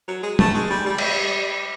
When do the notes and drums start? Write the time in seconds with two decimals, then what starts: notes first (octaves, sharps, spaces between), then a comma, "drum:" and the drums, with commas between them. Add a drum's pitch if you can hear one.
0.08 F#3
0.23 G#3
0.39 A3, drum: tom
0.54 G#3
0.70 G3
0.86 G3
0.98 drum: cymbal